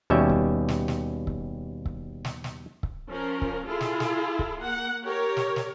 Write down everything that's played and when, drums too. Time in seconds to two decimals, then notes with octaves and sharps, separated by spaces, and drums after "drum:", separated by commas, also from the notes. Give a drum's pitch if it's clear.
0.10 D#2 B2 G3 C#4 E5
0.29 drum: kick C#1
0.68 drum: snare
0.88 drum: snare
1.27 drum: kick C#1
1.86 drum: kick C#1
2.25 drum: snare
2.44 drum: snare
2.83 drum: kick C#1
3.10 F3 C#4 A#4
3.42 drum: kick C#1
3.66 E4 F4 G#4 A4
3.81 drum: snare
4.00 drum: snare
4.39 drum: kick C#1
4.60 A#3 F#5
5.06 G4 A#4 C#5
5.37 drum: snare
5.56 drum: snare